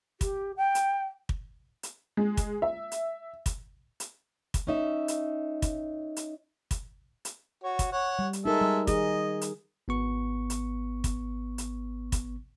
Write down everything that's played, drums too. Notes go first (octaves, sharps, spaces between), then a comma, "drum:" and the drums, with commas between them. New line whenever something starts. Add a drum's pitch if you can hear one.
G4, drum: kick, hi-hat
G5
drum: hi-hat
drum: kick
drum: hi-hat
G#3
drum: kick, hi-hat
E5
drum: hi-hat
drum: kick, hi-hat
drum: hi-hat
drum: kick, hi-hat
C#4 D#4 E5
drum: hi-hat
drum: kick, hi-hat
drum: hi-hat
drum: kick, hi-hat
drum: hi-hat
F#4 C#5
drum: kick, hi-hat
C#5 F#5
G3
drum: hi-hat
G#3 D#4 A4 A#4 E5
G3
D#3 G#4 D#5, drum: kick, hi-hat
drum: hi-hat
G#1 B3 C#6
drum: hi-hat
drum: kick, hi-hat
drum: hi-hat
drum: kick, hi-hat